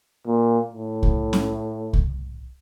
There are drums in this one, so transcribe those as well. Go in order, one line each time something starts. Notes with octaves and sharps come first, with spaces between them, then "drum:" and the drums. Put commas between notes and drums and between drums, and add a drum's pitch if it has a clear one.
A#2
A2
drum: kick C2
drum: snare
drum: kick C2